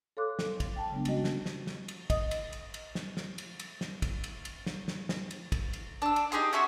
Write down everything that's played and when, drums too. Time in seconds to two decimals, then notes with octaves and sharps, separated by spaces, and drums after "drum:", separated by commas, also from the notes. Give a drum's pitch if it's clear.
0.17 A4 C#5 F5 C6 D6 F#6
0.39 drum: snare
0.60 drum: kick, cymbal
0.76 G5 A5
0.90 C#3 F#3 G#3 B3 D4
1.05 G3 G#3 C#4 F#4 D#5, drum: cymbal
1.24 drum: snare
1.46 drum: snare
1.67 drum: snare
1.88 drum: cymbal
2.10 D#5, drum: kick, cymbal
2.31 drum: cymbal
2.53 drum: cymbal
2.74 drum: cymbal
2.95 drum: snare
3.17 drum: snare
3.38 drum: cymbal
3.60 drum: cymbal
3.81 drum: snare
4.02 drum: kick, cymbal
4.24 drum: cymbal
4.45 drum: cymbal
4.66 drum: snare
4.88 drum: snare
5.09 drum: snare
5.31 drum: cymbal
5.52 drum: kick, cymbal
5.73 drum: cymbal
6.02 D4 E6
6.16 drum: cymbal
6.32 D#4 G4 G#4 C6
6.53 C#4 F#4 E5 C6